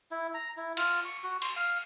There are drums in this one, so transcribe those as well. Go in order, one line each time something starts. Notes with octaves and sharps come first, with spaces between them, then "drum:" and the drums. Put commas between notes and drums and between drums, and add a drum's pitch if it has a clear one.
E4
A#5
E4
F4, drum: cymbal
C#6
F#4
C6, drum: cymbal
F5